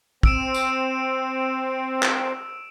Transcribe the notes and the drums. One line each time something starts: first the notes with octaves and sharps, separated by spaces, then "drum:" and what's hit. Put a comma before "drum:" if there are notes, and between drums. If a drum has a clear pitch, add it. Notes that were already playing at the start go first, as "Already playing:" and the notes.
C4 E6 D7 E7, drum: kick
drum: tambourine
drum: clap